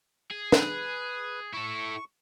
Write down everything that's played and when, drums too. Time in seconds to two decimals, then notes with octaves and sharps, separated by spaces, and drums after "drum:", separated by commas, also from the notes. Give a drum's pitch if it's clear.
0.31 G#4
0.52 B4, drum: snare
1.54 E4 A4 C#6